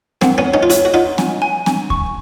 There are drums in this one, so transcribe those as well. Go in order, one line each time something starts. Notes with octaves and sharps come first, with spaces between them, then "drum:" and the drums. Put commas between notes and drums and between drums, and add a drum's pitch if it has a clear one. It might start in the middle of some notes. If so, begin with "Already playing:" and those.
A#3 C4 F#5, drum: snare C4
B3 C#4
C#5
C#4 D#4
F4
E4 F#4 C#5, drum: hi-hat
F#4
D#4 F4 F#5
G#5, drum: snare C4
G#5
G#5, drum: snare C4
C#6, drum: kick D2